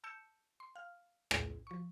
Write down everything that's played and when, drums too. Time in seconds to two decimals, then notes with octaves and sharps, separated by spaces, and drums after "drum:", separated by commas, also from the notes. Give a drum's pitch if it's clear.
0.04 A5 E6 G6 C#7 E7
0.60 C6
0.76 F5 F6
1.31 B1 A2, drum: rim click
1.67 F3 C#6